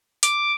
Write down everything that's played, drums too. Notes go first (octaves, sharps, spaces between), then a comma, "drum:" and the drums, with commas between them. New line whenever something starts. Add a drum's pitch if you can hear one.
D6, drum: hi-hat